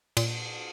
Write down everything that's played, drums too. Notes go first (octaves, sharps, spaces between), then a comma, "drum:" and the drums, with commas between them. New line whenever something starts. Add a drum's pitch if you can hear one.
A#2, drum: cymbal